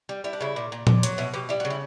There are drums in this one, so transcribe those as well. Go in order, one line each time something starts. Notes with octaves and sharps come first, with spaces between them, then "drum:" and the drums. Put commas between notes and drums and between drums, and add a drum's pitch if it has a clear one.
G3
G3 E4
D4
C#3 E4
A#2
A#2
A#2, drum: tom A#2
F#3, drum: hi-hat
B2 E4
B2 G4
G3 E4
F#4
C#3
E4